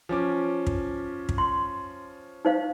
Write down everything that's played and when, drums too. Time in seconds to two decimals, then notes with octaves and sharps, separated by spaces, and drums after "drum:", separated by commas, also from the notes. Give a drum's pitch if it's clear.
0.09 F3 C#4 D6
0.67 drum: kick
1.29 drum: kick
1.38 C6
2.45 D#4 C5 F5